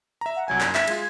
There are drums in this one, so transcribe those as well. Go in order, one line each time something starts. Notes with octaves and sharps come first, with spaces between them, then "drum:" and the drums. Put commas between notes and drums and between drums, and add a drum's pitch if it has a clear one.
E5 A#5
F#5
C2 F#3 G#5 G#6
F#2, drum: clap
E5 B6, drum: clap
G#3 F4 G#6, drum: cymbal